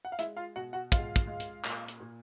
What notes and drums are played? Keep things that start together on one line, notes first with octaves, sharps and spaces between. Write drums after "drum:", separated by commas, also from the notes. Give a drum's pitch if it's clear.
F#5
F5
G#3 E4 E5, drum: hi-hat
F4 F5
B2 F#4 F#5
F#4 F#5
G#3 F4 F5, drum: kick, hi-hat
drum: kick, hi-hat
G#3
drum: hi-hat
A#2, drum: clap
drum: hi-hat
A#2